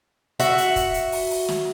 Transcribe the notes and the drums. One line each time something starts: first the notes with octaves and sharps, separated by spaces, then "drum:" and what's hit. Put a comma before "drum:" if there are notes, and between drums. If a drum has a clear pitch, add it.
F#4 E5 F#5, drum: hi-hat
drum: hi-hat
drum: kick, hi-hat
drum: hi-hat
drum: open hi-hat
drum: open hi-hat
drum: snare